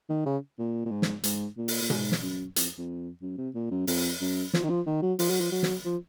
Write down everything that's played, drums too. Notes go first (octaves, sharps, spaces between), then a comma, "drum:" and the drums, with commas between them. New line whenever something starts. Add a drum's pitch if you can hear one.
D#3
C#3
A#2
A#2
G#2
drum: snare
G#2, drum: hi-hat
A#2
drum: open hi-hat
A#2
G#2, drum: tom B2
drum: snare
F#2
F2, drum: hi-hat
F2
F#2
C3
A#2
F#2
F2, drum: open hi-hat
F#2
F3, drum: snare
D#3
F3
D#3
F#3
F3, drum: open hi-hat
F#3
F3
F#3
drum: snare
F3